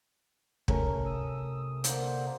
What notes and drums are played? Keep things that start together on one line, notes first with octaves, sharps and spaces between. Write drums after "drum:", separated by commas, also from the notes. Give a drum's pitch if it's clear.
C3 A3 C#4 A#4, drum: kick
D#6 E6
D3 A#3 C5, drum: hi-hat